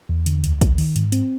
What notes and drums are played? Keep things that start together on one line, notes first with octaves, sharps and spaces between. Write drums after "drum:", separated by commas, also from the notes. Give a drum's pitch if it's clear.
E2
D3, drum: hi-hat
D2, drum: hi-hat
D2, drum: kick, hi-hat
D#3, drum: open hi-hat
G#2, drum: hi-hat
C4, drum: hi-hat